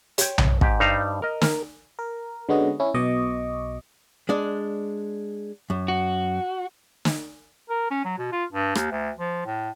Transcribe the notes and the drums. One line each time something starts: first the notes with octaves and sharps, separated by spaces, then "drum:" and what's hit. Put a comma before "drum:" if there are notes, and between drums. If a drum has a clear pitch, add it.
C#5 G5, drum: hi-hat
drum: tom B1
G#2 G4, drum: kick
G2 G3 D#4 C5 F5 A#5
A#4 D#5
A#4, drum: snare
A#4
D3 G#3 B3 C#4 F#4 D#5
C#4 E4
B1 B2 D#5 C#6 D6
G#3 D4 D5
F#2
F#4
drum: snare
A#4
C#4
F#3
B2
F4
G2
D#2, drum: rim click
D2
F3
A2